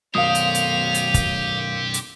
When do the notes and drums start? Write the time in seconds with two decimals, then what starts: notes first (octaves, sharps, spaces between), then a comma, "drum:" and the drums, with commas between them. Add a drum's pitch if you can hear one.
0.15 B1 F#2 G4 C5 F5 D#6 F7
0.35 drum: hi-hat
0.55 drum: hi-hat
0.94 drum: hi-hat
1.14 drum: kick, hi-hat
1.94 drum: hi-hat